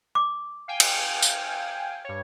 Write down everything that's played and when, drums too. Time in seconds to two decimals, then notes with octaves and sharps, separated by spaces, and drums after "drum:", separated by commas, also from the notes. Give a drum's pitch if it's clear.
0.15 D6
0.68 F5 G5 G#5
0.80 drum: cymbal
1.22 drum: tambourine
2.05 G2 C#5